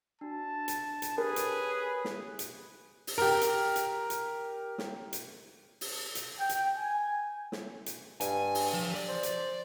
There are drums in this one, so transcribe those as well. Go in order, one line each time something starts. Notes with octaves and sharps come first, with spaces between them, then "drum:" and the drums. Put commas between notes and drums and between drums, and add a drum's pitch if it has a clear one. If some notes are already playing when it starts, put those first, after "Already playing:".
D4 F#4 A5
drum: hi-hat
drum: hi-hat
G4 G#4 A#4 B4 C#5
drum: hi-hat
drum: snare
drum: hi-hat
drum: open hi-hat
G4 A#4
drum: hi-hat
drum: hi-hat
drum: hi-hat
drum: snare
drum: hi-hat
drum: open hi-hat
drum: hi-hat
G5
drum: hi-hat
G#5
drum: snare
drum: hi-hat
G2 G#5, drum: hi-hat
drum: open hi-hat
F3
D5
C5
drum: hi-hat